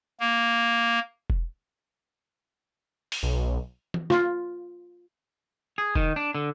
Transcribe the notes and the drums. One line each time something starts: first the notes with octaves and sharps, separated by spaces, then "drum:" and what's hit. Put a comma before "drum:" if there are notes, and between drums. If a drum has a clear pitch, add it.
A#3
drum: kick E1
drum: open hi-hat
B1
drum: tom E3
F4, drum: snare
G#4
D#3, drum: kick E1
D4
D3